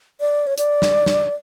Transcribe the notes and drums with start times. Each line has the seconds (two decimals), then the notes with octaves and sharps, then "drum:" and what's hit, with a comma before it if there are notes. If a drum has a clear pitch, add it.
0.20 D5
0.47 C#5
0.58 D5, drum: hi-hat
0.82 drum: snare
1.06 drum: snare